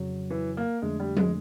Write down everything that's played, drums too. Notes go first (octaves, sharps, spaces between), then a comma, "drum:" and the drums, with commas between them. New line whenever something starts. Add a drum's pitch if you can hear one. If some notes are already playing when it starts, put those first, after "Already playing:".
Already playing: F2 C#3 F#3
E3
A#3
F2 D3 F3 G#3 A3 D4
G3
G#3, drum: tom F3